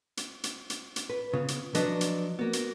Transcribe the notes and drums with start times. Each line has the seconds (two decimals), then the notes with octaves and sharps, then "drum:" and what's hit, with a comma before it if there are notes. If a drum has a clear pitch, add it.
0.17 drum: hi-hat
0.44 drum: hi-hat
0.70 drum: hi-hat
0.96 drum: hi-hat
1.09 B4
1.34 C#3 B3 F4
1.48 drum: hi-hat
1.75 F3 F#3 D4 B4 D#5, drum: hi-hat
2.01 drum: hi-hat
2.39 A#3 B3 F#4
2.53 drum: hi-hat